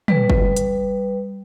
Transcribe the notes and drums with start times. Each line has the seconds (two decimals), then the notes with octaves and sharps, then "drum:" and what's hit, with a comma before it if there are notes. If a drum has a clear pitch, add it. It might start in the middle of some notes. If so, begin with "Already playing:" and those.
0.08 G3 B4, drum: tom
0.30 drum: kick F#1
0.57 drum: hi-hat